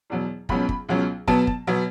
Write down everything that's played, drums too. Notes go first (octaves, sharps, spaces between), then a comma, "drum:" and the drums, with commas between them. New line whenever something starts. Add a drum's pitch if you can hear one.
E2 B2 F#3
C#2 B2 F#3 C#4 B5, drum: kick
drum: kick
C#2 B2 F#3 C#4
B2 F#3 B3 A5, drum: kick
drum: kick
B2 F#3 B3